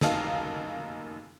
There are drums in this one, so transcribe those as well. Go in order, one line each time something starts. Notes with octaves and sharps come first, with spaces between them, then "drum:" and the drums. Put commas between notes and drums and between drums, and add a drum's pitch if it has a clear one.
F1 F#2 A#3 D#4 F5 A5, drum: snare